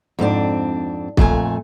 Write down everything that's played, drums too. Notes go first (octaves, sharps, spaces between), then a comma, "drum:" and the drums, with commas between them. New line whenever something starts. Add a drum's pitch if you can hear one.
F2 G#2 C4 D4
F2 A#2 A3 G#5, drum: kick